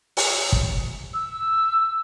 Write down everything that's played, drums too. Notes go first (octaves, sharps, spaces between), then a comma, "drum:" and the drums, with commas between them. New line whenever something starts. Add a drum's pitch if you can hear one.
drum: open hi-hat
drum: kick
E6